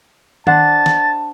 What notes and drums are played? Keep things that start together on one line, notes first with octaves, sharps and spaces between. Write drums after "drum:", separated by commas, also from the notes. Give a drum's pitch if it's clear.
D4 C5 F#5 A5 A6, drum: tom D#3
drum: snare